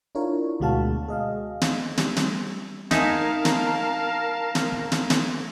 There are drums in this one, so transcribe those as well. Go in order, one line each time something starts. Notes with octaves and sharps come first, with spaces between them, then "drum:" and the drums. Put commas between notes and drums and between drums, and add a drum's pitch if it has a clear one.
D4 E4 F4 A#4 C#5
D2 B2 G#3 F#4 F5 A5
G#4 D#5 F5
drum: snare
G3, drum: snare
drum: snare
D#4 A#4 E5 F5 G#5 A5, drum: snare
drum: snare
drum: snare
drum: snare
drum: snare